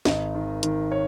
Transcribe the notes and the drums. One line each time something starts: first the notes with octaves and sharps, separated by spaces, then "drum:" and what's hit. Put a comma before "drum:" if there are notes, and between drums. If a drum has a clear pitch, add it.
G#1 D#5, drum: snare
D#3
D#3, drum: hi-hat
C#5